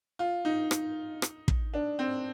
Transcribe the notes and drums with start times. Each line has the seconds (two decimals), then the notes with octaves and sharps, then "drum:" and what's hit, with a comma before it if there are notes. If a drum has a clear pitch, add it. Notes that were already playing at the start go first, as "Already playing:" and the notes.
0.19 F4
0.45 D#4
0.71 drum: rim click
1.22 drum: rim click
1.48 drum: kick
1.74 D4
1.99 C4